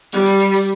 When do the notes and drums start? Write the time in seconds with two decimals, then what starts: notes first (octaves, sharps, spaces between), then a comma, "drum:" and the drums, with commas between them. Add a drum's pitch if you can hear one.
0.12 G3, drum: hi-hat
0.26 drum: hi-hat
0.40 drum: hi-hat
0.54 drum: open hi-hat